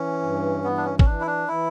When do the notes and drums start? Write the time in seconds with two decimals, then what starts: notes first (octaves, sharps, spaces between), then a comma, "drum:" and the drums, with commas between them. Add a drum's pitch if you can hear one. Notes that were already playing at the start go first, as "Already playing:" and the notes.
Already playing: E3 C#4
0.22 G2
0.64 E3 B3
0.77 D4
0.85 C#4
0.99 C#4, drum: kick
1.05 E3 D4
1.21 E4
1.27 D4
1.48 E3 E4